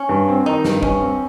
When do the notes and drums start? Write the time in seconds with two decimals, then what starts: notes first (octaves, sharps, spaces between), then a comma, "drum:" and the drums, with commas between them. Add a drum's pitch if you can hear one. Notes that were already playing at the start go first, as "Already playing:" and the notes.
Already playing: C#4
0.09 G2
0.28 C4
0.46 D#3 D#4
0.64 G2, drum: snare
0.83 G2 C#4, drum: kick
1.00 C4